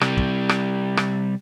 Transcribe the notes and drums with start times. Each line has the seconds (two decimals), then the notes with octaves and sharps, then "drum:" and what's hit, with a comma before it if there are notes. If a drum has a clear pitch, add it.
0.01 C3 G3, drum: rim click
0.17 drum: kick
0.49 drum: rim click
0.97 drum: rim click